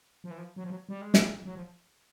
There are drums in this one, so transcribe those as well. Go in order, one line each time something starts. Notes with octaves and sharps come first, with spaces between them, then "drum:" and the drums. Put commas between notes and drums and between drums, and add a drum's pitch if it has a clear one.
F3
E3
F3
F#3
F3
F#3
G3
G#3
G3, drum: snare
F#3
F3